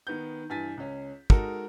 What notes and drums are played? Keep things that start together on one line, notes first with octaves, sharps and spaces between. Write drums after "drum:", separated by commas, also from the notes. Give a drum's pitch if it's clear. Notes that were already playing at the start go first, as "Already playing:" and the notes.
D#3 B3 G6
G2 E3 G#5 A6 B6
C#2 C#4
G#3 D#4 F#4 A4 A#4, drum: kick